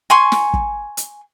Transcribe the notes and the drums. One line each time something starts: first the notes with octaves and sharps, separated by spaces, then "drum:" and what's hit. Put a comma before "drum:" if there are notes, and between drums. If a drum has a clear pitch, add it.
G#5 C6 C#6
drum: snare
drum: kick
drum: hi-hat